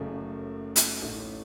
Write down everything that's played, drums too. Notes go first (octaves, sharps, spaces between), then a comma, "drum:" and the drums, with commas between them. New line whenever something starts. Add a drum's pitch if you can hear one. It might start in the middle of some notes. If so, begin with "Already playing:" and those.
Already playing: F#1 F#2 C#3 A3
drum: hi-hat
A1 A2 A3